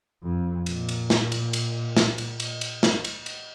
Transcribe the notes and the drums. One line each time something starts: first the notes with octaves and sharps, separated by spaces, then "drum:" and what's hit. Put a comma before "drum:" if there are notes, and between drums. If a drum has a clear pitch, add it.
F2
A#2, drum: cymbal
drum: cymbal
drum: snare
drum: cymbal
drum: cymbal
drum: snare
drum: cymbal
drum: cymbal
drum: cymbal
drum: snare
drum: cymbal
drum: cymbal